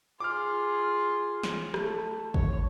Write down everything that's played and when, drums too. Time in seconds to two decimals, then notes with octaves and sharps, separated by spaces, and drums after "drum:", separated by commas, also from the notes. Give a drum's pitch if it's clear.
0.20 F4 G#4 D6 F6
1.43 drum: snare
1.74 A3, drum: rim click
2.34 C#5, drum: kick